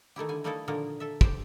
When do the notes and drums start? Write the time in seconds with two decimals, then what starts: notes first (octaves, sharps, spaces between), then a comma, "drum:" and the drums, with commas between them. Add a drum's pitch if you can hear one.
0.16 D#3 A3 E4 G4
0.29 D3 G3 G#5
0.44 G3 A3 A#3 D#4 E4 A4
0.68 A#2 D3 D#3 F3 A#3 A#4
1.00 A4 E5
1.21 G4 C5 G5, drum: kick